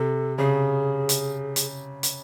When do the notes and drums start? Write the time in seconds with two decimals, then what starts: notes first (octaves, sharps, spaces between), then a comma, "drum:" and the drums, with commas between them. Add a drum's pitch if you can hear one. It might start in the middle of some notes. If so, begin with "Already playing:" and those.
Already playing: C3 A4
0.38 C#3 G#4
1.09 drum: hi-hat
1.56 drum: hi-hat
2.03 drum: hi-hat